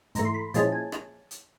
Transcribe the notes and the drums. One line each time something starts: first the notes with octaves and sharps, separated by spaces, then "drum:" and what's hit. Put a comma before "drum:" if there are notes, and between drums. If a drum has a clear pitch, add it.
G#2 E3 A3 A#5, drum: hi-hat
C6
B5
A#2 F3 G#3 C#4 E4 A5, drum: hi-hat
G#5
drum: rim click
drum: hi-hat